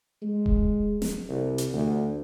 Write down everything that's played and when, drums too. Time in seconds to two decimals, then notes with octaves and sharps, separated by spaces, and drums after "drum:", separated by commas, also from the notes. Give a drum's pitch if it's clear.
0.22 G#3
0.46 drum: kick D#1
1.02 drum: snare
1.29 C2
1.58 drum: hi-hat
1.73 D2